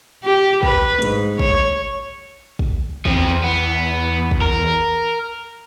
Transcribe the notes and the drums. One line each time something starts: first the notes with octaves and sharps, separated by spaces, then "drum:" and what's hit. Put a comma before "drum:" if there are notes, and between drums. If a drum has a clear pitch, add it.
G4
B4, drum: kick
G#2, drum: hi-hat
C#5, drum: kick
drum: kick
E2 F3 C4, drum: kick
B3
drum: kick
A#4